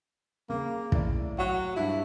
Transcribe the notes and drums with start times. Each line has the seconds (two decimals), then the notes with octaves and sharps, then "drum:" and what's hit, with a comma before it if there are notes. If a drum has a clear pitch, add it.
0.50 C#3 A#3
0.92 A2 D5, drum: kick
1.38 F#3 F#5
1.76 G2 E4